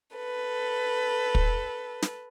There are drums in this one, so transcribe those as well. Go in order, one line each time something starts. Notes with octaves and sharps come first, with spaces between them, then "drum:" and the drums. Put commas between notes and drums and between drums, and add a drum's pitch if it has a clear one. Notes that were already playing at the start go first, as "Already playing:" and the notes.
A4 B4
drum: kick
drum: snare